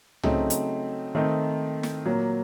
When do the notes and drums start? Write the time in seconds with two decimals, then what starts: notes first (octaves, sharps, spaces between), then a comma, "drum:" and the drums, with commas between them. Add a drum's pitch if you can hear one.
0.23 C#3 F#3 A3 C4 D#4, drum: tom
0.50 drum: hi-hat
1.15 D#3 A3 C4 D#4
1.83 drum: snare
2.06 A#2 F#3 A#3